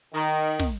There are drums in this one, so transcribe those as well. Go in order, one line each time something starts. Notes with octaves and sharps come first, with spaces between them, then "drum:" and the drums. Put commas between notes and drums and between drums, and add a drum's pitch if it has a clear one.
D#3
drum: snare